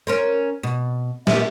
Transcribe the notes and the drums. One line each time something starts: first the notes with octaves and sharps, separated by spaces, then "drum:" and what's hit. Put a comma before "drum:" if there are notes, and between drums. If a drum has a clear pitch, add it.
C#4 A#4 C5
B2
A#2 G3 B3 E5, drum: snare